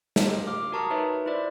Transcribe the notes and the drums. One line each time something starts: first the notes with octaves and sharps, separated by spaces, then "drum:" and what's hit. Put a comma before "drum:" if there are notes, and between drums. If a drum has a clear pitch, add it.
F4 G4 A#4 C5 D#5 F5, drum: snare
F5 D6 F6
F#4 A#4 A5 A#5 C#6 D#6
D#4 A#4 B4 C#5 E5
E4 F4 C5 D5 E5